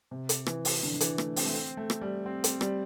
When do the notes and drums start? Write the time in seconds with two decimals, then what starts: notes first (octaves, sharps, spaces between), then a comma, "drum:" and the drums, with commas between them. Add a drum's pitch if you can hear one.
0.11 C3
0.29 drum: hi-hat
0.46 E3, drum: rim click
0.65 drum: open hi-hat
0.83 D3
0.94 D3
1.01 E3, drum: hi-hat
1.18 A3, drum: rim click
1.36 C4, drum: open hi-hat
1.46 A3
1.53 C4
1.77 A3
1.90 drum: rim click
2.01 G3
2.26 C4
2.44 C4, drum: hi-hat
2.61 G3, drum: rim click